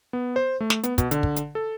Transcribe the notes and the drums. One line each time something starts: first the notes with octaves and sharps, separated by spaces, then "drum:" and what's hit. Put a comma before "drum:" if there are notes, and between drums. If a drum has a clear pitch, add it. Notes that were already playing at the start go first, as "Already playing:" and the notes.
B3
C5
A3
drum: snare
B3, drum: hi-hat
B2, drum: kick, hi-hat
D3, drum: hi-hat
drum: kick
drum: hi-hat
A4